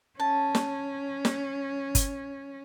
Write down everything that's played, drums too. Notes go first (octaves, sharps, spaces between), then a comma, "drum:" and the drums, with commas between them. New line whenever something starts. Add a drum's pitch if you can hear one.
C#4 A5
drum: snare
drum: snare
drum: kick G1, hi-hat